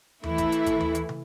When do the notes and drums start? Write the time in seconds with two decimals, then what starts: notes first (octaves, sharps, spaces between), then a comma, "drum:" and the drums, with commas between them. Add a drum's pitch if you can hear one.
0.24 E3 A3 E4, drum: tom D#2
0.38 drum: kick G#1, hi-hat
0.52 drum: hi-hat
0.66 drum: kick G#1, hi-hat
0.80 drum: tom D#2
0.95 drum: hi-hat
1.09 drum: tom